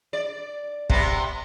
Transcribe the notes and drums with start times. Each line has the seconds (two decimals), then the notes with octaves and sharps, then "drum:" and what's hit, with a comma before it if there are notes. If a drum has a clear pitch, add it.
0.13 D5
0.90 C3 B3, drum: kick